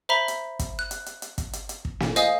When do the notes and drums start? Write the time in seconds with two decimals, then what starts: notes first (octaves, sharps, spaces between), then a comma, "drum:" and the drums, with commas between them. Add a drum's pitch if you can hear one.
0.09 C5 E5 A#5 B5 B6 G7
0.28 drum: hi-hat
0.59 drum: kick, hi-hat
0.79 F#6
0.91 drum: hi-hat
1.06 drum: hi-hat
1.22 drum: hi-hat
1.38 drum: kick, hi-hat
1.53 drum: hi-hat
1.69 drum: hi-hat
1.85 drum: kick
2.00 drum: snare
2.16 C5 D#5 F5 G#5 D#6, drum: hi-hat